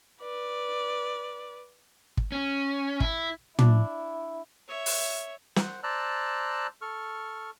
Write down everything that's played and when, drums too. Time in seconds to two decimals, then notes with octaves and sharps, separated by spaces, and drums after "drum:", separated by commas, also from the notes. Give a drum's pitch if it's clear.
0.21 B4 D5
2.17 drum: kick
2.32 C#4
3.00 E4, drum: kick
3.59 D4 E4, drum: tom
4.68 C#5 E5
4.86 drum: open hi-hat
5.56 C5 F#5, drum: snare
5.83 C5 D5 A5 A#5 E6 F#6
6.82 A4 C#6 F6